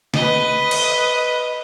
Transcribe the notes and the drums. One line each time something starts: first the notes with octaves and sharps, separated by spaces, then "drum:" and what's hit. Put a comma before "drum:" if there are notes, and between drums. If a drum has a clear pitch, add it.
B4 D#5, drum: snare
drum: cymbal